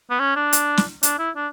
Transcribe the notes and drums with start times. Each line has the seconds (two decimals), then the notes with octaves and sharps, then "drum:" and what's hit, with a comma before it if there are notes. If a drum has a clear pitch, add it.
0.10 B3
0.19 C#4
0.36 D4
0.53 drum: hi-hat
0.77 drum: snare
1.03 D4, drum: hi-hat
1.19 E4
1.36 D4